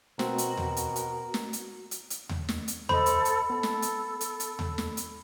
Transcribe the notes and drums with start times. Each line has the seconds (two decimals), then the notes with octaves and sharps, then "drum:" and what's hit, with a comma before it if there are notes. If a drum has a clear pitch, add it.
0.19 B2 C4 F#4 A#4, drum: snare
0.38 drum: hi-hat
0.57 drum: tom D#2
0.77 drum: hi-hat
0.96 drum: hi-hat
1.34 drum: snare
1.53 drum: hi-hat
1.91 drum: hi-hat
2.10 drum: hi-hat
2.29 drum: tom D#2
2.49 drum: snare
2.68 drum: hi-hat
2.89 A4 C5 D#5 B5, drum: tom D#2
3.06 drum: hi-hat
3.25 drum: hi-hat
3.50 B3 A4
3.63 drum: snare
3.82 drum: hi-hat
4.21 drum: hi-hat
4.40 drum: hi-hat
4.59 drum: tom D#2
4.78 drum: snare
4.97 drum: hi-hat